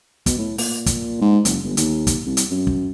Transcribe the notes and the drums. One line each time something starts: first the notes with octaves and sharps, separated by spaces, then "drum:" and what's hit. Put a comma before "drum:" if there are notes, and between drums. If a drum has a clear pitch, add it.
B2, drum: kick, hi-hat
A2
A#2, drum: open hi-hat
drum: kick, hi-hat
G#2
F#1, drum: hi-hat
G1
D#2, drum: hi-hat
drum: kick, hi-hat
C2
drum: hi-hat
F#2
drum: kick